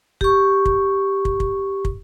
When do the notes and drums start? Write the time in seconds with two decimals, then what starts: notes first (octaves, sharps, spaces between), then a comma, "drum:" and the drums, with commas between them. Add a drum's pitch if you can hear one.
0.21 G4 C#6, drum: kick
0.65 drum: kick
1.25 drum: kick
1.40 drum: kick
1.85 drum: kick